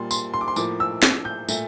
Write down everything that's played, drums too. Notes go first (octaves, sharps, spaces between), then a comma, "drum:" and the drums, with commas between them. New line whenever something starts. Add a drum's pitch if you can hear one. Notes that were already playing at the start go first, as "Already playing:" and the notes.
Already playing: A#2 G3 A#3 C6
C6, drum: tambourine
C6
D6
C6
A2 F3 A#3 D6, drum: tambourine
E6
drum: snare
G6
A#2 A3, drum: tambourine